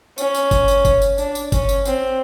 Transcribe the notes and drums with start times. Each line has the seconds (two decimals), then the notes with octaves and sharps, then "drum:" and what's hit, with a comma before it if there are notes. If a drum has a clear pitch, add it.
0.18 C#4, drum: tambourine
0.34 drum: tambourine
0.51 drum: kick G1, tambourine
0.68 drum: tambourine
0.85 drum: kick G1, tambourine
1.02 drum: tambourine
1.18 D4, drum: tambourine
1.35 drum: tambourine
1.52 C#4, drum: kick G1, tambourine
1.69 drum: tambourine
1.85 C4, drum: tambourine